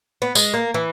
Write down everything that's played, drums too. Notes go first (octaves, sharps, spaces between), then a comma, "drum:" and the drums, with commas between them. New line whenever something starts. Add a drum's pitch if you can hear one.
B3
G#3, drum: tambourine
A#3
E3